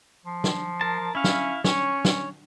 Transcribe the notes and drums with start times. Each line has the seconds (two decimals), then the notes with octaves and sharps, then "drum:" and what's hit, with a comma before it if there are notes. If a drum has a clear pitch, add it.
0.25 F3
0.44 drum: snare
0.81 A#4 A5
1.00 F3
1.15 C#4 E4 F5
1.24 drum: snare
1.64 C#4 C#5, drum: snare
2.05 drum: snare